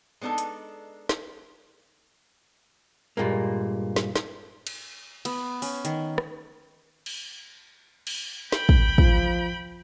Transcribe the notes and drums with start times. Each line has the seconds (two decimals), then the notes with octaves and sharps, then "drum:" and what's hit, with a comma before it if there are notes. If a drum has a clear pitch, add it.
0.21 G#3 B3 D4 D#4 A4
0.38 drum: hi-hat
1.09 drum: snare
3.17 G2 A#2 G#3 A#3
3.96 drum: snare
4.16 drum: snare
4.67 drum: cymbal
5.25 B3, drum: cymbal
5.62 C#4, drum: open hi-hat
5.85 D#3, drum: hi-hat
6.18 drum: rim click
7.06 drum: cymbal
8.07 drum: cymbal
8.52 G5 B5, drum: snare
8.69 drum: kick
8.98 F3, drum: kick